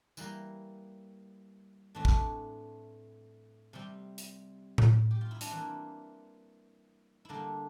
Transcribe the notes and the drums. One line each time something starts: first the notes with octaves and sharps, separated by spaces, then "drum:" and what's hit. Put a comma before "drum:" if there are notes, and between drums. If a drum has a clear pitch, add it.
E3 G3 A#3 E4, drum: tambourine
A2 E3 A3 C4 D4
drum: kick
C3 G3 C4
drum: hi-hat
drum: tom A2
G4
F4
E4
D4, drum: hi-hat
E3 A#3 C4
D3 G3 A#3 D4 E4